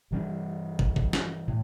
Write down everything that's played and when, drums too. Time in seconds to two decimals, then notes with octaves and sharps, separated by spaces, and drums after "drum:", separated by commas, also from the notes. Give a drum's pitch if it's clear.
0.11 G2 E3 G3 D4
0.79 drum: kick
0.96 drum: kick
1.13 drum: snare
1.48 A2